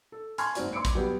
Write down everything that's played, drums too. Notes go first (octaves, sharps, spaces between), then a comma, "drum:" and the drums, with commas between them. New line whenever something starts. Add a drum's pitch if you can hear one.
A4
G#5 A5 C6 C#6 F6 G#6, drum: hi-hat
F#1 G#2 C4 F#4 D5, drum: hi-hat
C6 D6 E6 C#7 D7
drum: kick, hi-hat
F#3 G3 B3 G4